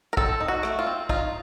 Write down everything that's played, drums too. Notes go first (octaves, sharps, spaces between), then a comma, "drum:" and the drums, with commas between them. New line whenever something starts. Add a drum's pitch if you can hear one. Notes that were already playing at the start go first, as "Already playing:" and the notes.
A#4
C4 A4, drum: kick
D#4
F#4
A3, drum: rim click
F4
C4
D#4 F4, drum: kick